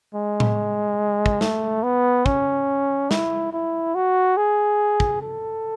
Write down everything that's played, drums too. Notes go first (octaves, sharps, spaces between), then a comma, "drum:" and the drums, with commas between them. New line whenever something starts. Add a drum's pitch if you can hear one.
G#3
drum: tom A2
drum: kick
A3, drum: snare
B3
C#4, drum: kick
E4, drum: snare
E4
F#4
G#4
drum: kick
A4